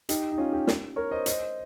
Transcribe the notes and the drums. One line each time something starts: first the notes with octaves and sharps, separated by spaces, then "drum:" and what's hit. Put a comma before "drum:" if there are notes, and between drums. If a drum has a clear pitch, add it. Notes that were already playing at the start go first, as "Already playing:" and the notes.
D#4 G4, drum: hi-hat
D#4
C#4 F4
D#4 G4
drum: snare
A#4 C#5
C5 D#5
C5 D#5, drum: hi-hat